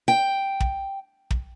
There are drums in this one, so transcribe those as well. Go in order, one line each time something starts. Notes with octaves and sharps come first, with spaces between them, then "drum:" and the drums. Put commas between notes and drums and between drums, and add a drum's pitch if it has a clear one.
G5
drum: kick
drum: kick